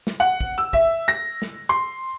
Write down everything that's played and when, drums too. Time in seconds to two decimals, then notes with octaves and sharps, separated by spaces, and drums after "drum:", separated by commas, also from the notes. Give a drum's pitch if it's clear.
0.07 drum: snare
0.20 F#5
0.41 drum: kick
0.58 E6
0.73 E5, drum: kick
1.08 A#6
1.42 drum: snare
1.69 C6